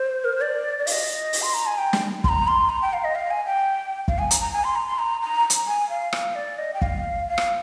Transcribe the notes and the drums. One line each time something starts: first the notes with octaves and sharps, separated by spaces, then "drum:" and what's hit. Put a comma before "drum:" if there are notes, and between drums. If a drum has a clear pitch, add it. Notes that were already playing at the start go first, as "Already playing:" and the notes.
Already playing: C5
A#4
C5
D5
D5
F5, drum: open hi-hat
D#5
drum: open hi-hat
C6
A#5
G#5
G5
drum: snare
C6, drum: kick
A#5
C6
A#5
G5
F5
D#5
F5
G#5
G5
F5, drum: kick
G#5
A#5, drum: hi-hat
A#5
G#5
C6
A#5
C6
A#5
A#5
drum: hi-hat
G#5
F5
F5, drum: rim click
D5
D#5
G5
F5, drum: kick
F5
drum: rim click